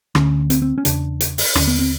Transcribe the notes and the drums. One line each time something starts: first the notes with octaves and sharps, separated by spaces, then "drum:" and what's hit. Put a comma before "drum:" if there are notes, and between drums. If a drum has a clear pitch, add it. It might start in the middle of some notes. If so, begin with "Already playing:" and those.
D2 D3 C#4, drum: rim click
C4, drum: hi-hat
C4
C#4
E2 C#3 D4, drum: hi-hat
drum: hi-hat
drum: open hi-hat
D#2 D3 C#4, drum: rim click
B3
C4